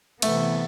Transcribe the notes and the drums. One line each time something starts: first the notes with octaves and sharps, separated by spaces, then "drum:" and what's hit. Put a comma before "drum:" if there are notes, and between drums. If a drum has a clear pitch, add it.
C3 E3 A3 B3, drum: cymbal